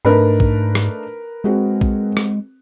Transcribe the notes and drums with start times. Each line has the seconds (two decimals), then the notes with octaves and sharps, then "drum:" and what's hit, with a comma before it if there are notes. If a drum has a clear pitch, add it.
0.05 G#2 A3 D4 D#4 A#4 B4 B5
0.40 drum: kick A#1
0.75 drum: rim click
1.44 G#3 C4 F#4 G#4
1.81 drum: kick A#1
2.17 drum: rim click